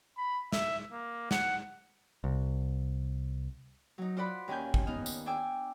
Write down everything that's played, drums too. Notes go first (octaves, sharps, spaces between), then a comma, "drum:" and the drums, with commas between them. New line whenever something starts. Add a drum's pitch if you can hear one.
B5
E5, drum: snare
A#3
F#5, drum: snare
C2
F#3 D#4
F4 C5 D5 F#5 B5
D#2 D#3 C#4 F4 G#5 G6
drum: kick G#1
B3 D#4 F5 F6
drum: tambourine
D4 G5 G#5 D6 E6